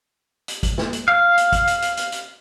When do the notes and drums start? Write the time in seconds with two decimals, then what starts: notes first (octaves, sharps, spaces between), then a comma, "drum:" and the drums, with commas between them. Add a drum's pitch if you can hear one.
0.48 drum: hi-hat
0.63 drum: kick, hi-hat
0.78 drum: snare
0.93 drum: hi-hat
1.08 F5
1.38 drum: hi-hat
1.52 drum: kick, hi-hat
1.67 drum: hi-hat
1.82 drum: hi-hat
1.97 drum: hi-hat
2.12 drum: hi-hat